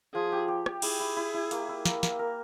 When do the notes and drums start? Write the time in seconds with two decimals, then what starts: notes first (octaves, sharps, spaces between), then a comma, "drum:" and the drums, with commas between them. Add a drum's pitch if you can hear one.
0.14 F3 G#4
0.32 G4
0.48 G4
0.66 G4, drum: rim click
0.82 E4 G#4, drum: cymbal
1.00 E4
1.17 E4
1.34 E4
1.51 A#3, drum: hi-hat
1.69 E4
1.85 A#3, drum: snare
2.03 A#3, drum: snare
2.19 A#4